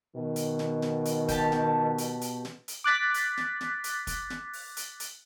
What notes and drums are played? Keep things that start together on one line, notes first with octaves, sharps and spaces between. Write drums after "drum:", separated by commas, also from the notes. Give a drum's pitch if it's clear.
B2 D#3
drum: hi-hat
drum: snare
drum: snare
drum: hi-hat
G4 A5, drum: kick, hi-hat
drum: snare
drum: hi-hat
drum: hi-hat
drum: snare
drum: hi-hat
D6 F#6 A6 B6
drum: hi-hat
drum: snare
drum: snare
drum: hi-hat
drum: kick, hi-hat
drum: snare
drum: open hi-hat
drum: hi-hat
drum: hi-hat